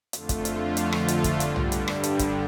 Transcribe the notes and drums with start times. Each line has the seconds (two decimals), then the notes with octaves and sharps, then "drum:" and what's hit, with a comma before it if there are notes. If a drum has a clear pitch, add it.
0.13 F2 D3 A3 F4, drum: hi-hat
0.29 drum: kick, hi-hat
0.45 drum: hi-hat
0.77 drum: hi-hat
0.92 drum: rim click
1.08 drum: hi-hat
1.24 drum: kick, hi-hat
1.40 G2 D3 G3, drum: hi-hat
1.56 drum: tom
1.72 drum: hi-hat
1.88 drum: rim click
2.03 drum: hi-hat
2.19 drum: kick, hi-hat